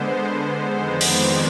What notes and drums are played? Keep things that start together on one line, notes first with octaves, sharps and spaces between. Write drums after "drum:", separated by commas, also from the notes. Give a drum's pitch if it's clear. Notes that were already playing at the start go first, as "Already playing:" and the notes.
Already playing: D3 G#3 B3 C5
F2 D#3 G#3 B3 C5
D5, drum: open hi-hat